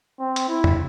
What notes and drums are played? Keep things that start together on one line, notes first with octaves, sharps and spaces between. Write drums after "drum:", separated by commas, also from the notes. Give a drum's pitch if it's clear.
C4
drum: hi-hat
E4
drum: tom E2